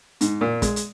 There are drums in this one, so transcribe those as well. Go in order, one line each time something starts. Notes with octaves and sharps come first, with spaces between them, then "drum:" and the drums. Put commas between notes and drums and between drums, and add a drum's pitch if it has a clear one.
G#2, drum: hi-hat
A#2
G#3, drum: kick, hi-hat
drum: hi-hat